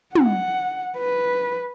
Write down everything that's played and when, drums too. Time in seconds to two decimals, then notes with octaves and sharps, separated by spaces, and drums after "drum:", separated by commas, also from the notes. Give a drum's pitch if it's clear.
0.15 F#5, drum: tom
0.98 B4